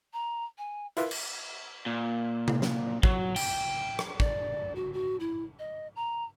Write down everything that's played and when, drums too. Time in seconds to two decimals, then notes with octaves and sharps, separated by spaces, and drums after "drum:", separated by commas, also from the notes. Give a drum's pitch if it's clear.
0.13 A#5
0.58 G#5
0.97 E4 F4 A#4 B4, drum: hi-hat
1.11 drum: cymbal
1.86 A#2
2.48 drum: tom C3
2.62 drum: snare
3.03 F#3, drum: kick
3.36 G5, drum: cymbal
3.99 drum: rim click
4.20 D5, drum: kick
4.75 F#4
4.93 F#4
5.20 E4
5.59 D#5
5.96 A#5